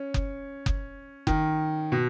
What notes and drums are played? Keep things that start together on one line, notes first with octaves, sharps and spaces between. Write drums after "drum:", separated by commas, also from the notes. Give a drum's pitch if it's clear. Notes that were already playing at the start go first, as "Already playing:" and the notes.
Already playing: C#4
drum: kick F#1
drum: kick F#1
D#3, drum: kick F#1
B2